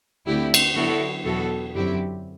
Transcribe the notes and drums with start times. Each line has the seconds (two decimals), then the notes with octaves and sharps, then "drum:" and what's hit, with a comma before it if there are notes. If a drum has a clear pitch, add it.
0.26 D2 D3 A3 C4 E4 G4
0.54 drum: cymbal
0.75 D3 F#3 B3 E4 F#4 A4
1.24 E2 B2 F#3 B3 E4 F#4 A4
1.74 F#2 D3 F#3 C4 E4 G4